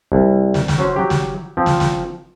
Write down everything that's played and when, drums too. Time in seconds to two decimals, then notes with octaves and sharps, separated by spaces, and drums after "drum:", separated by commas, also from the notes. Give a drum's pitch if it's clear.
0.12 C2
0.54 drum: snare
0.68 drum: snare
0.78 F#3 C#4 C5
0.96 F#3 G4
1.10 drum: snare
1.57 F3 C4
1.66 drum: snare
1.80 drum: snare